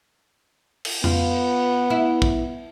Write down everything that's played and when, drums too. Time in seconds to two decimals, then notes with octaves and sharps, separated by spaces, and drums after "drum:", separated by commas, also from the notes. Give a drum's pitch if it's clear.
0.85 drum: cymbal
1.04 B3 F4, drum: tom F2
1.90 E4
2.22 drum: kick